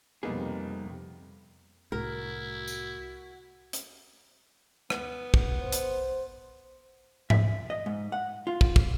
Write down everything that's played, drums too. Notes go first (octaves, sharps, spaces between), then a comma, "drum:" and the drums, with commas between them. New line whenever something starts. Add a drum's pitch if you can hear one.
F2 C3 G3 A#3 B3 D#4 G#4
C2 A2 E4 F#4 A#4
drum: tambourine
drum: hi-hat
B3, drum: rim click
drum: kick
C5
drum: hi-hat
E5, drum: tom G#2
D#5
G#2
F#5
F4
drum: kick
drum: kick